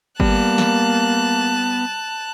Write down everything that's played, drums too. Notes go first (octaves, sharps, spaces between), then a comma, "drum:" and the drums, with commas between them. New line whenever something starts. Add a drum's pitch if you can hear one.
G3 A#3 B3 A5 F#6, drum: kick G1
drum: snare